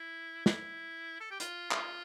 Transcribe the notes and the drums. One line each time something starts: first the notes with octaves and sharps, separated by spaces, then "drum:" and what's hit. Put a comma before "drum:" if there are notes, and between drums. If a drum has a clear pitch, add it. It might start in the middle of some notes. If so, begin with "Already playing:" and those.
Already playing: E4
E4, drum: snare
A4
G4
F4, drum: hi-hat
F4, drum: clap